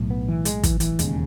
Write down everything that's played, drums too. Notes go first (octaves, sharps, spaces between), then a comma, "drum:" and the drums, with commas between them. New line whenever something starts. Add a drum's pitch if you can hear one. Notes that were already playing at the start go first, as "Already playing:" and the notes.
Already playing: B1 A2
B3
E3
G#3, drum: hi-hat
E3, drum: kick, hi-hat
E3, drum: hi-hat
E1 D#2 C#3 G#3, drum: hi-hat